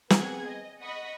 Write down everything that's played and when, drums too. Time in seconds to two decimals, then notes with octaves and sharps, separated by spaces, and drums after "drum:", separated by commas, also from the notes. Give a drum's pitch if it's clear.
0.10 B3 C4 G#4 F#5 G#5 G#6, drum: snare
0.47 D#5
0.82 D#5 F#5 B5 C#6 D#6